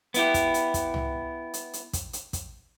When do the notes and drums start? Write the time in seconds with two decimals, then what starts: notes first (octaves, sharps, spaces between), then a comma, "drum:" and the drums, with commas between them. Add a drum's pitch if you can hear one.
0.14 B3 E4 G4, drum: hi-hat
0.34 drum: kick, hi-hat
0.54 drum: hi-hat
0.74 drum: kick, hi-hat
0.94 drum: tom C2
1.54 drum: hi-hat
1.73 drum: hi-hat
1.93 drum: kick, hi-hat
2.13 drum: hi-hat
2.33 drum: kick, hi-hat